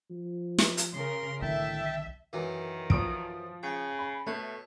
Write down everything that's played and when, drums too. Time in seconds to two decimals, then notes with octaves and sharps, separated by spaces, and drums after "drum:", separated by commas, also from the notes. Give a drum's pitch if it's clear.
0.10 F3
0.58 drum: snare
0.77 drum: hi-hat
0.93 C#3 A#4 C6
1.42 B1 A2 D3 D#3 E5 G5 A5
2.33 F#2 D#3 E3
2.90 F3 D#6 D7, drum: kick
3.63 C#3 G5
3.99 B5
4.27 B2 A3 C#5